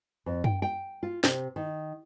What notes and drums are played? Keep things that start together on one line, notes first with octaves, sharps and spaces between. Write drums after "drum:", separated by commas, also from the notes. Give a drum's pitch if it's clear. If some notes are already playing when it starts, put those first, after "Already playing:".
F2
G5, drum: tom F#2
G5
F4
C3, drum: snare
D#3